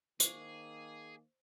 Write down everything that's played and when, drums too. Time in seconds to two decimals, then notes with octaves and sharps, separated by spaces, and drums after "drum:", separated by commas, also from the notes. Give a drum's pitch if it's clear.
0.20 D#3 A#3 G#4 C5 C#6, drum: hi-hat